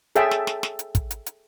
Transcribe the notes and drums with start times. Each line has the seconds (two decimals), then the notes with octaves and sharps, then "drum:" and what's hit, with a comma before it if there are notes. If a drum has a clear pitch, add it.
0.16 G#4 A4 C#5 E5 G5 A5, drum: hi-hat
0.31 drum: snare
0.47 drum: snare
0.63 drum: snare
0.79 drum: hi-hat
0.95 drum: kick, hi-hat
1.11 drum: hi-hat
1.26 drum: hi-hat